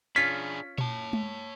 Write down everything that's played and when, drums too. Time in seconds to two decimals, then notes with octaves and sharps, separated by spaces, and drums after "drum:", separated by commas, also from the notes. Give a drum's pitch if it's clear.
0.16 C#4 D4 F4 G#4 B6
0.78 C#5 A5, drum: tom A#2
1.13 drum: tom G#3